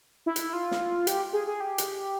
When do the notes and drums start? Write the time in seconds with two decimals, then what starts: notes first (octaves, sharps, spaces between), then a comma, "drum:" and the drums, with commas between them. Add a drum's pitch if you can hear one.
0.26 E4
0.36 drum: hi-hat
0.53 F4
0.71 drum: snare
1.07 G4, drum: hi-hat
1.33 G#4
1.47 G#4
1.60 G4
1.78 drum: hi-hat